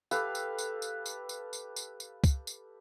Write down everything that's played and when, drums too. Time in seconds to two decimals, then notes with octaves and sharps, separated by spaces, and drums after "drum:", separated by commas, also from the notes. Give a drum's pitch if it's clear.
0.11 G4 A4 B4 F5, drum: tambourine
0.35 drum: tambourine
0.58 drum: tambourine
0.82 drum: tambourine
1.06 drum: tambourine
1.29 drum: tambourine
1.53 drum: tambourine
1.76 drum: tambourine
2.00 drum: tambourine
2.24 drum: kick, tambourine
2.47 drum: tambourine